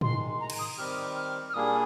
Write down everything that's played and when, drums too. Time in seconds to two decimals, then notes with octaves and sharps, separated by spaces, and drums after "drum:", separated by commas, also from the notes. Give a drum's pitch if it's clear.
0.01 D#3 G#3 D#4 C6, drum: tom G#2
0.40 A#5
0.50 drum: cymbal
0.59 D#6
0.78 D#3 G3 C4 G4 F6
1.16 F6
1.50 F6
1.54 A#2 G3 A#3 D4 G#4 D#6